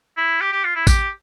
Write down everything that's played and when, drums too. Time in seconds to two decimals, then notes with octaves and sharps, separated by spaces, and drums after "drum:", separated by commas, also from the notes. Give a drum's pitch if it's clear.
0.17 E4
0.41 G4
0.52 G4
0.64 F4
0.75 E4
0.87 G4, drum: kick A1, tambourine